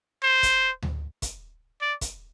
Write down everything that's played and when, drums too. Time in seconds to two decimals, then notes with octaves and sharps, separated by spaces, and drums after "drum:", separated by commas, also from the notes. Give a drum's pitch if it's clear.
0.23 C5
0.43 drum: kick, hi-hat
0.82 drum: tom D2
1.22 drum: kick, hi-hat
1.82 D5
2.01 drum: kick, hi-hat